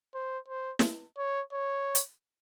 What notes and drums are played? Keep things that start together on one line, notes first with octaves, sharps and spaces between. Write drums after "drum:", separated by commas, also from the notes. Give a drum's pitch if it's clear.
C5
C5
drum: snare
C#5
C#5
drum: hi-hat